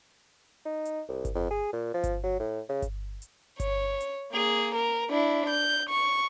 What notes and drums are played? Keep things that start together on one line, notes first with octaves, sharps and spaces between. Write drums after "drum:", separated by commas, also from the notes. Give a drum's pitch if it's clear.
D#4
drum: hi-hat
C2
drum: kick G1, hi-hat
F2
G#4
A#2
F3
drum: kick G1, hi-hat
F#3
A2
C#3
drum: kick G1, hi-hat
drum: hi-hat
C#5, drum: kick G1, hi-hat
drum: hi-hat
A#3 G#4
A#4
D4 E4
G6
C#6